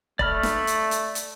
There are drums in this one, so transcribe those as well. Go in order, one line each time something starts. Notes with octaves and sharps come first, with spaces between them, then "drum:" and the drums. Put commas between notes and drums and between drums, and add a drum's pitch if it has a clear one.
A3 D5 B5 F6, drum: kick
drum: snare
drum: hi-hat
drum: hi-hat
drum: hi-hat